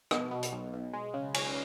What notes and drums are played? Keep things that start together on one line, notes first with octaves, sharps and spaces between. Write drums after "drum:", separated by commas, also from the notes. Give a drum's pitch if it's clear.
B2, drum: rim click
B2
drum: hi-hat
B1
B1
G#3
C#3
C#4, drum: cymbal